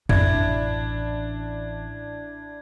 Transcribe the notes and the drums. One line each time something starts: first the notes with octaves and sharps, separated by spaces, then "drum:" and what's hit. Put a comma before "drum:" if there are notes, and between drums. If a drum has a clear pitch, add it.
A1 D4 E4 G#6, drum: tom F2